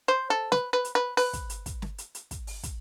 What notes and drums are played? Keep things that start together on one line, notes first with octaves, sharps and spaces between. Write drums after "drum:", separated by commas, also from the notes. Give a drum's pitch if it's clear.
C5
A4
B4, drum: snare
B4
drum: hi-hat
B4
B4, drum: open hi-hat
drum: kick, hi-hat
drum: hi-hat
drum: kick, hi-hat
drum: snare
drum: hi-hat
drum: hi-hat
drum: kick, hi-hat
drum: open hi-hat
drum: kick, hi-hat